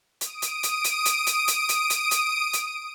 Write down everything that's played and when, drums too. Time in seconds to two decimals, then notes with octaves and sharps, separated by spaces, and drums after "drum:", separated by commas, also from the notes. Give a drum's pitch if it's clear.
0.21 D#6 D7 D#7, drum: hi-hat
0.42 drum: hi-hat
0.63 drum: hi-hat
0.84 drum: hi-hat
1.05 drum: hi-hat
1.26 drum: hi-hat
1.48 drum: hi-hat
1.69 drum: hi-hat
1.90 drum: hi-hat
2.11 drum: hi-hat
2.53 drum: hi-hat